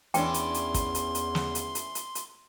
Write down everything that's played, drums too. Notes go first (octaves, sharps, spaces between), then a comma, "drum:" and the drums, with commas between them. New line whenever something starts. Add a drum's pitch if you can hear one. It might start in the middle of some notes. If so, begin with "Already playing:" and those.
E2 E3 C#4 D4 G5 C6, drum: hi-hat
drum: hi-hat
drum: hi-hat
drum: kick, hi-hat
drum: hi-hat
drum: hi-hat
drum: snare
drum: hi-hat
drum: hi-hat
drum: hi-hat
drum: hi-hat